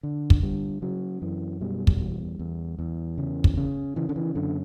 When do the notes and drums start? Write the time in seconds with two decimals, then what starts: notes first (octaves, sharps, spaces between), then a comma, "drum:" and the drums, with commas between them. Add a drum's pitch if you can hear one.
0.03 D3
0.30 drum: kick
0.43 D3 G3
0.82 C#3 F#3
1.22 F#2 E3
1.61 B2 G3
1.87 drum: kick
2.01 E2
2.39 E2
2.79 E2
3.18 C#3
3.44 drum: kick
3.57 C#3
3.96 C#3 E3
4.09 D3
4.16 E3
4.35 F#2 D3